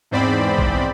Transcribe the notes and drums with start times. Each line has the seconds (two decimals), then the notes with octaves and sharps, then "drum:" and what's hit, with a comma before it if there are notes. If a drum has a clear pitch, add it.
0.11 E2 G#2 C4 C5 D5 B5
0.58 drum: kick